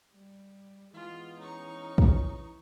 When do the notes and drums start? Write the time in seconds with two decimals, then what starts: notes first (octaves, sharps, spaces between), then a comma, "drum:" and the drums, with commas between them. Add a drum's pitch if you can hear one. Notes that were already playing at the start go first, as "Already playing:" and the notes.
0.13 G3
0.94 E3 G#3 B3 F4
1.39 C#4 D#4 C#6
1.98 drum: kick